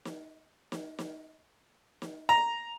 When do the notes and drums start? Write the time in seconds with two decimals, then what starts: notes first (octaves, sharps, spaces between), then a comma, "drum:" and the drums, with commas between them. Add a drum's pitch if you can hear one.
0.05 drum: snare
0.72 drum: snare
0.99 drum: snare
2.02 drum: snare
2.29 A#5